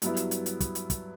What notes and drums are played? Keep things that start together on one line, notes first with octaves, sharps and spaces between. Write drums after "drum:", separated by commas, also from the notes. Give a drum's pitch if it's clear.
G2 F#3 B3 E4, drum: hi-hat
drum: hi-hat
drum: hi-hat
drum: hi-hat
drum: kick, hi-hat
drum: hi-hat
drum: kick, hi-hat